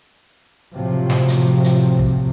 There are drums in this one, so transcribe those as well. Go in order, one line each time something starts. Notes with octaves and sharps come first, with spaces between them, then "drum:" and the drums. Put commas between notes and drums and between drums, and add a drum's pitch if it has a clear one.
A2 C3 F3 F#3
drum: snare
drum: hi-hat
drum: hi-hat
drum: kick